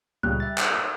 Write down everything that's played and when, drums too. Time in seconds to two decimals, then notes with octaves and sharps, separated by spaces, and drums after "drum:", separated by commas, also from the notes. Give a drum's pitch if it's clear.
0.23 C#2 A#2 C#3 G3 F#6
0.40 E5 A6
0.58 drum: clap
0.71 E6